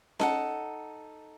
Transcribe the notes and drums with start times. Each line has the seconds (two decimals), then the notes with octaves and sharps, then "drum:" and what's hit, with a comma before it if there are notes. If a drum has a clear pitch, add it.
0.19 D#4 A4 F#5, drum: snare C#4